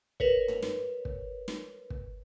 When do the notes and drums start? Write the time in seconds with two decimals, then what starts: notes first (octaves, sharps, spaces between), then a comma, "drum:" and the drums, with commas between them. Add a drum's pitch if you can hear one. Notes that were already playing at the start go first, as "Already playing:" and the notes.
0.20 A#4 B4 C#5, drum: kick
0.48 drum: tom
0.62 drum: snare
1.05 drum: kick
1.48 drum: snare
1.90 drum: kick